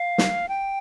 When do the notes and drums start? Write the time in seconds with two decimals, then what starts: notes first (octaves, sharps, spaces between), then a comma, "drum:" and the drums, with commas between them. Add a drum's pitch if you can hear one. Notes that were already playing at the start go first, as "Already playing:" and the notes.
Already playing: F5
0.18 drum: snare
0.49 G5